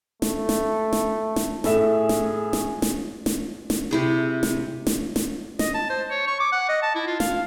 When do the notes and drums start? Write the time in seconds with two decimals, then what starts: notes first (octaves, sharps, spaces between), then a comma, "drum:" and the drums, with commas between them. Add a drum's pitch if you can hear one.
0.22 A3, drum: snare
0.49 drum: snare
0.93 drum: snare
1.36 drum: snare
1.64 A2 G#4 A4 E5, drum: snare
2.09 drum: snare
2.53 drum: snare
2.82 drum: snare
3.26 drum: snare
3.70 drum: snare
3.91 C3 E4 G#4
4.43 drum: snare
4.87 drum: snare
5.16 drum: snare
5.59 D#5, drum: snare
5.74 A5
5.90 C5
6.10 C#5
6.28 C#6
6.40 D6
6.52 F#5
6.69 D#5
6.82 A5
6.95 E4
7.07 F4
7.20 F5, drum: snare